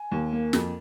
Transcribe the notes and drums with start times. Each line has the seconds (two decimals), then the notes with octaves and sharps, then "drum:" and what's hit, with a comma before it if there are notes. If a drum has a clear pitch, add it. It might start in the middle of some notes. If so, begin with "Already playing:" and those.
Already playing: G#5
0.12 D#2
0.33 A#3
0.53 F2, drum: snare